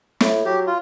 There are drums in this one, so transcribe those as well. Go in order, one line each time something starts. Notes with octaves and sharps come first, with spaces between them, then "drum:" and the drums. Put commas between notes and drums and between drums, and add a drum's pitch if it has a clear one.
A2, drum: snare
F#3 G4
F4